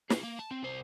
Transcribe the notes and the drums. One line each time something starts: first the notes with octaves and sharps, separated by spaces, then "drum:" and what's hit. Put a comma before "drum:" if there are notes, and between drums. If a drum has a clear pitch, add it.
F4 G#4, drum: snare
A#3
A5
C4
C2 C5